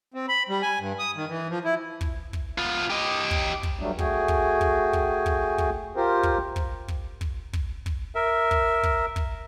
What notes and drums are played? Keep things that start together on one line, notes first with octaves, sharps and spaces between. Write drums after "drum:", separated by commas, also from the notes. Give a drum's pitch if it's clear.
C4
B5
G3
G#5
G2
D#6
D#3
E3
F3
E4
drum: kick
drum: kick
B3 F4
G4 D#5
drum: kick
drum: kick
G2 F#3 G3 A3 D4
A3 F#4 G#4 G5 G#5, drum: kick
drum: kick
drum: kick
drum: kick
drum: kick
drum: kick
F4 G4 A#4 C5 G5
drum: kick
drum: kick
drum: kick
drum: kick
drum: kick
drum: kick
A#4 E5
drum: kick
drum: kick
drum: kick